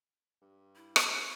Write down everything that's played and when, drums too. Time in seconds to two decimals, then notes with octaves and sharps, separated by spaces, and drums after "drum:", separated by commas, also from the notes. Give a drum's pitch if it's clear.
0.42 G2
0.75 E4
0.96 drum: rim click
1.09 D#4